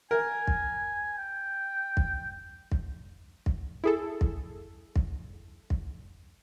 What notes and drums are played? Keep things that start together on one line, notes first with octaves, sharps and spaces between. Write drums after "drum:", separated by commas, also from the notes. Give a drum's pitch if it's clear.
A#4 G#5
drum: kick
G5
drum: kick
drum: kick
drum: kick
E4 G#4 A4
drum: kick
drum: kick
drum: kick